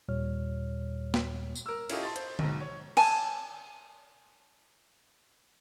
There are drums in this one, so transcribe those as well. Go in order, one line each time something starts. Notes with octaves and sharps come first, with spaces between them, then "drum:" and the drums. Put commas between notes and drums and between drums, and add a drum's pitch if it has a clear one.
D#2 A#2 G3 C#5 F6
drum: snare
drum: tambourine
A#4 E6
C#4 E4 F4 G4 A4 D#5, drum: cymbal
A5 C6 A6
C5, drum: hi-hat
B1 G#2, drum: tom D3
C#5
G#5 A5, drum: cymbal